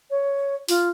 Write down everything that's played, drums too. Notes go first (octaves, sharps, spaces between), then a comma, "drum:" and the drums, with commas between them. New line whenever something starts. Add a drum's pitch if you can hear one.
C#5
F4, drum: open hi-hat